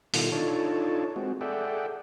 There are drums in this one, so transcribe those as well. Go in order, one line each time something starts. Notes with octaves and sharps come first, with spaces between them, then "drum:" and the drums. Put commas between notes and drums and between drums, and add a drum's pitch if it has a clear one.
B2 D#3 G3 E4 F4 A4, drum: open hi-hat
D4 D#4 F4 A4 C#5 A5
G#3 C4 F#4
G#4 A4 D5 E5 F#5 G5